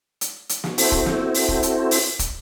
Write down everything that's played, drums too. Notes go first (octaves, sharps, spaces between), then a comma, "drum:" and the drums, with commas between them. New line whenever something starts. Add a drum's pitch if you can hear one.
drum: hi-hat
drum: hi-hat
drum: snare
C4 E4 F#4 A4 C5, drum: open hi-hat
drum: kick
drum: snare
drum: open hi-hat
drum: kick
drum: hi-hat
drum: open hi-hat
drum: kick, hi-hat